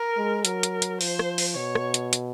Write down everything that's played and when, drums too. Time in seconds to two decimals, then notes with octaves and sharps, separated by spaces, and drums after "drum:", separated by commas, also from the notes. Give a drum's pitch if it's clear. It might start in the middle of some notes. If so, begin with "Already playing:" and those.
Already playing: A#4
0.17 G#3
0.45 F#3 A#4, drum: hi-hat
0.63 drum: hi-hat
0.82 drum: hi-hat
1.01 F3 C5, drum: open hi-hat
1.19 drum: rim click
1.38 drum: open hi-hat
1.56 B2 C#5
1.75 drum: rim click
1.94 drum: hi-hat
2.13 drum: hi-hat